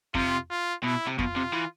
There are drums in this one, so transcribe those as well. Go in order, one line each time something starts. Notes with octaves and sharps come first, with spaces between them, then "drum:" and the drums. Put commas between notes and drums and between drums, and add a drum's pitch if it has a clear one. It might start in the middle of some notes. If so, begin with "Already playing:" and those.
C3 F4, drum: kick F2
F4
B2 E4
C3
B2 F4, drum: kick F2
C3
E3